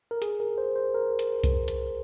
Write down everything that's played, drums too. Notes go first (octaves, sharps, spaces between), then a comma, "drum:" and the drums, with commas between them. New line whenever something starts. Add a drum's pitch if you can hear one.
A#4
G#4, drum: hi-hat
A#4
C5
C5
A#4
drum: hi-hat
drum: kick C2, hi-hat
drum: hi-hat